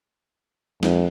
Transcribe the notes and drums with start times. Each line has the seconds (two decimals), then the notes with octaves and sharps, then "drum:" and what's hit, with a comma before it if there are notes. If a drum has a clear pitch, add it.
0.83 F2, drum: snare